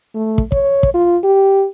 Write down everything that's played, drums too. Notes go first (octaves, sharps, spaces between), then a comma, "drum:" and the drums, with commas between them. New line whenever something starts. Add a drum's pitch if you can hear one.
A3
drum: kick
C#5, drum: kick
drum: kick
F4
G4